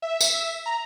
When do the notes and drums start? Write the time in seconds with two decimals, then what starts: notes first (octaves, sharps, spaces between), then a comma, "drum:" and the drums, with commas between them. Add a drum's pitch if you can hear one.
0.02 E5
0.21 drum: tambourine
0.66 A#5